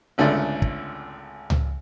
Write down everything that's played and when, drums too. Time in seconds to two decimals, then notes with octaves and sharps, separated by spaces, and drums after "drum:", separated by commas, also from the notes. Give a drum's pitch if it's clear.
0.18 G#1 C#2 D3 A3 D5
0.62 drum: kick
1.50 drum: tom C#2